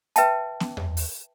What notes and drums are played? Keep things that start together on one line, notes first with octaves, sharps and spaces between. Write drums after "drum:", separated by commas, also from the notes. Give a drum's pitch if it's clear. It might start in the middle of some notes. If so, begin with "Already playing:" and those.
B4 E5 G5 A5, drum: hi-hat
drum: snare B3
drum: tom E2
drum: open hi-hat